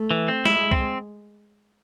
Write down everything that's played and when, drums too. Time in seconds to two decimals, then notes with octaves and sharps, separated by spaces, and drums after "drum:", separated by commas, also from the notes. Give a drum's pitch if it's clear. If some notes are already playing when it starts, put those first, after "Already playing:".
Already playing: A3
0.11 E3
0.28 C4
0.45 G#3 E4, drum: snare
0.71 C4, drum: kick C2